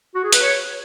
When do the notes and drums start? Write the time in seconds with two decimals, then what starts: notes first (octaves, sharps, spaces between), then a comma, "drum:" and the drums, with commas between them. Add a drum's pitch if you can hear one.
0.15 F#4
0.24 G#4
0.33 B4, drum: hi-hat
0.42 C#5